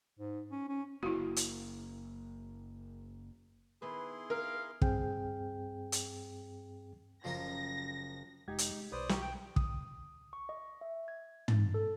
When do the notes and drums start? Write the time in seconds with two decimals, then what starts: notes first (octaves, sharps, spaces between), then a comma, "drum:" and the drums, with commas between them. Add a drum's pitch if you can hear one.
0.19 G#2
0.51 C#4
0.69 C#4
1.03 F#1 A#3 E4 F#4
1.36 drum: hi-hat
3.82 D#3 B3 E4 G#4 B4 C6
4.30 A#4 F5
4.82 G2 C4 G#4 G5, drum: kick
5.92 drum: hi-hat
7.24 F#1 F3 F4 A#4 A#6
8.48 F1 G#3 D#4 G4 G#6
8.58 drum: hi-hat
8.71 G#3
8.92 B1 B4 C5 D5 D#6
9.09 G4 C#6, drum: snare
9.21 G5
9.56 D#6, drum: kick
10.33 C#6
10.49 D#5
10.81 E5
11.08 G#6
11.48 A6, drum: tom
11.74 A4